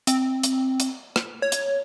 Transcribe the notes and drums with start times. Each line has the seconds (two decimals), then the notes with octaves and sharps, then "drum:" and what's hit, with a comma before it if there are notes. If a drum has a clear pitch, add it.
0.07 C4, drum: hi-hat
0.43 drum: hi-hat
0.80 drum: hi-hat
1.16 drum: rim click
1.42 C#5
1.52 drum: hi-hat